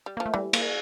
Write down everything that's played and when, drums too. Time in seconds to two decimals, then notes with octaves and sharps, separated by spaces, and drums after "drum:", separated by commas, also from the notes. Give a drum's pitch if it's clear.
0.06 G3
0.17 F3 A#3
0.26 A3
0.34 E3 G3
0.53 A#3, drum: cymbal